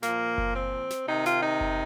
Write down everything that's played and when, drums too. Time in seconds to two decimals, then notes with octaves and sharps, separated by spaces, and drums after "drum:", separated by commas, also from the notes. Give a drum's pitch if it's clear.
0.03 A#2 F3 A#3, drum: snare
0.38 drum: kick F#1
0.55 C4
0.90 drum: snare
1.07 C3 D#4
1.13 D#3
1.26 F4, drum: snare
1.43 D#4
1.61 drum: kick F#1